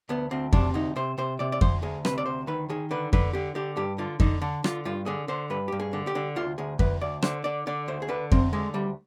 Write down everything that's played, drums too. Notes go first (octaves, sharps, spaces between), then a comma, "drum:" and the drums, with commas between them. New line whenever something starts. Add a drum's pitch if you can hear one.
D2 B3
D2 C4
C3 D4, drum: kick F2
D2 D#4
C3 C5
C3 C5
C3 D5
D5
D2 C5, drum: kick F2
D2 G#4
C3 B4, drum: rim click
D5
D2 C5
D#3 B4
D#3 G#4
D3 B4
D3 B4, drum: kick F2
D3 G4
D3 G4
G2 G4
D3 F4
D3 D#4, drum: kick F2
D3
D3 F4, drum: rim click
G2 F4
D3 G#4
D3 C5
G2 B4
G2 G4
G#4
D3
G4
D3
D2 F4
D2 G#4
D2 B4, drum: kick F2
D2 D5
D3 C5, drum: rim click
D3 D5
D3 D5
D2 C5
G#4
D3 B4
D2 C4, drum: kick F2
D3 G#3
D2 G3